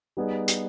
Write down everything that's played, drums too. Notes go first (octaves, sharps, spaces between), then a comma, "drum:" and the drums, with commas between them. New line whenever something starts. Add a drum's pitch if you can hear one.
G3 B3 D#4 G#4
drum: hi-hat